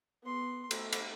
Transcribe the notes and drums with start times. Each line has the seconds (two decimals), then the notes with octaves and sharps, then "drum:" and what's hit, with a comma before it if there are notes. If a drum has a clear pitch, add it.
0.23 B3 C6
0.71 A3, drum: cymbal
0.92 drum: cymbal